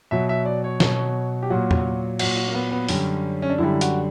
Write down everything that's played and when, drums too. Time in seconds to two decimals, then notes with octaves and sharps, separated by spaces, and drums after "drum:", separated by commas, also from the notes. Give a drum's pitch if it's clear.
0.11 B2 F#3 E5
0.29 E5
0.46 D5
0.64 C#5
0.80 B2 F#3, drum: snare
1.42 G4
1.50 A#2 F#3 F#4
1.71 drum: tom E2
2.19 A#2 F#3 F#4, drum: cymbal
2.36 F#4
2.48 A#3
2.54 B3
2.72 B3
2.89 F#2 D3 G3 C#4, drum: open hi-hat
3.42 C#4
3.50 D4
3.58 F#2 D3 G3 E4
3.81 F#4, drum: hi-hat